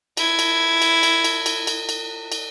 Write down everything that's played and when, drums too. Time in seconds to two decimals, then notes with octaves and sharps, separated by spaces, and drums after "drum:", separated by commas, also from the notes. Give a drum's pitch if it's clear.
0.17 E4 G#6, drum: cymbal
0.39 drum: cymbal
0.82 drum: cymbal
1.03 drum: cymbal
1.24 drum: cymbal
1.46 drum: cymbal
1.67 drum: cymbal
1.89 drum: cymbal
2.32 drum: cymbal